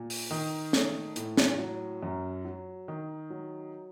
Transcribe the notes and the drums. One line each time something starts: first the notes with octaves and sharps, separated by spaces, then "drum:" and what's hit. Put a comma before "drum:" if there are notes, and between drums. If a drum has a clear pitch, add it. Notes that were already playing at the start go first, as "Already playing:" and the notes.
Already playing: A#2
drum: open hi-hat
D#3
A3, drum: snare
A2, drum: hi-hat
drum: snare
F#3
F#2
F#3
D#3
F#3